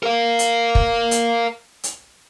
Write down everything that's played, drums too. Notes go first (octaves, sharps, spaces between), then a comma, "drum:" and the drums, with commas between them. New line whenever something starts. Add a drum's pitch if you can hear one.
A#4 F5
drum: hi-hat
drum: kick
drum: hi-hat
drum: hi-hat